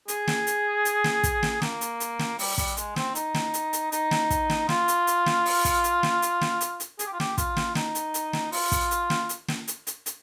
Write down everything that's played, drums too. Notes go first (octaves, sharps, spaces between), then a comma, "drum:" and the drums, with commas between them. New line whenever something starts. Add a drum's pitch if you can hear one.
G#4, drum: hi-hat
drum: snare
drum: hi-hat
drum: hi-hat
drum: snare
drum: kick, hi-hat
drum: snare
A#3, drum: snare
drum: hi-hat
drum: hi-hat
drum: snare
G3, drum: open hi-hat
G3, drum: kick, hi-hat
G#3, drum: hi-hat
C4, drum: snare
D#4, drum: hi-hat
drum: snare
drum: hi-hat
drum: hi-hat
D#4, drum: hi-hat
drum: snare
drum: kick, hi-hat
drum: snare
F4, drum: snare
drum: hi-hat
drum: hi-hat
drum: snare
drum: open hi-hat
drum: kick, hi-hat
drum: hi-hat
drum: snare
drum: hi-hat
drum: snare
drum: hi-hat
drum: hi-hat
G#4, drum: hi-hat
G4
F4
G4, drum: snare
F4, drum: kick, hi-hat
drum: snare
D#4, drum: snare
drum: hi-hat
drum: hi-hat
drum: snare
F4, drum: open hi-hat
drum: kick, hi-hat
drum: hi-hat
drum: snare
drum: hi-hat
drum: snare
drum: hi-hat
drum: hi-hat
drum: hi-hat